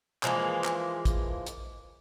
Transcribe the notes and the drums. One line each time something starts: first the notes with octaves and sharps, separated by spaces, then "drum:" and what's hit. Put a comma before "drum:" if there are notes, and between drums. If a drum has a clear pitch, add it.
E3 F3 G#3 A#3, drum: clap
drum: clap
drum: kick, hi-hat
drum: hi-hat